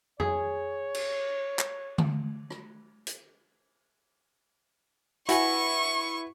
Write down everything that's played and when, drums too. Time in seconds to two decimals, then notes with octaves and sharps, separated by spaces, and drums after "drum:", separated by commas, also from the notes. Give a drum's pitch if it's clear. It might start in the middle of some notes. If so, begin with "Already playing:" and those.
0.20 G#4 C#5, drum: tom F2
0.95 drum: cymbal
1.59 drum: clap
1.98 drum: tom D3
2.50 drum: rim click
3.07 drum: hi-hat
5.29 E4 F#4 B4 G#5 C#6, drum: hi-hat